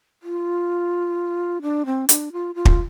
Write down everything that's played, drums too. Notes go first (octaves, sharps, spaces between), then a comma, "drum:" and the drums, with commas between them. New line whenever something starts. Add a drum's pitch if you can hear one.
F4
D4
C4
D4, drum: hi-hat
F4
F4
drum: kick